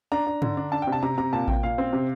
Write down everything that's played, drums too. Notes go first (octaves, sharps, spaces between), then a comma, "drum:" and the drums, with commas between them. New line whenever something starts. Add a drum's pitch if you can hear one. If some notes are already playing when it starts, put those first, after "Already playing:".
D4 A#5
D4
D3, drum: tom
D4
D4 A5
G5
C3
A5
C3 A#5
C3 A#5
A#2 A5
A#2 G5, drum: kick A1
A#2 F5
C4
C3